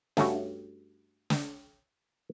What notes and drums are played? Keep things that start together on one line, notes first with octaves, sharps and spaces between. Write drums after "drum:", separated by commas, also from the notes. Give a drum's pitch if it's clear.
G2 A3 C#4 F#4, drum: snare
drum: snare